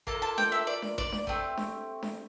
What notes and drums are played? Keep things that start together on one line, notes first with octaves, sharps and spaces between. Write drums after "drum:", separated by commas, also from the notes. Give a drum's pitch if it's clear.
A#3 F4 A4 A5, drum: kick
A5
G5, drum: snare D4
E5
D5
drum: snare D4
D5, drum: kick
drum: snare D4
A3 C4 G4, drum: kick
drum: snare D4
drum: snare D4